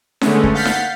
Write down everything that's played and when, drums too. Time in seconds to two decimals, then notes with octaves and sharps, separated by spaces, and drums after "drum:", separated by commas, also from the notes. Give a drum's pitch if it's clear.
0.21 D3 G#3 A3 B3 C#4, drum: snare D#4
0.43 drum: kick
0.54 F5 F#5 G6 A6 B6 C7
0.65 drum: snare D#4